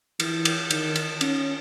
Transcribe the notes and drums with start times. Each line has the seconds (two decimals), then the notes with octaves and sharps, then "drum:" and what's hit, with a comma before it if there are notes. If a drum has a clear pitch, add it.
0.20 E3, drum: cymbal
0.45 drum: cymbal
0.70 D#3, drum: cymbal
0.96 drum: cymbal
1.21 C#4, drum: cymbal